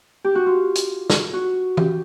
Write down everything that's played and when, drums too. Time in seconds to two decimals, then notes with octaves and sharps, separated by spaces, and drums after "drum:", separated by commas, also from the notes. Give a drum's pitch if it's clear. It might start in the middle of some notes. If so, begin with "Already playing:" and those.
0.24 G4
0.35 F#4
0.46 F4
0.75 drum: hi-hat
1.10 drum: snare
1.33 F#4
1.77 G4, drum: tom E3